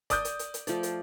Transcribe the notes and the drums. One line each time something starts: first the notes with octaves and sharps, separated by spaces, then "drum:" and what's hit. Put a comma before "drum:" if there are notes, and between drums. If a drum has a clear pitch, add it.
D5 D#6 G6, drum: kick F#1, hi-hat
drum: hi-hat
drum: hi-hat
drum: hi-hat
F3 A3 D5, drum: hi-hat
drum: hi-hat